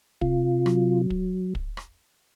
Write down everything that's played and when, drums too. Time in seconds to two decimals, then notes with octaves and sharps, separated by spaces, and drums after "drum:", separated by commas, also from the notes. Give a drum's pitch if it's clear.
0.21 C3 F4, drum: kick
0.66 F#3, drum: rim click
1.10 drum: kick
1.55 drum: kick
1.77 drum: rim click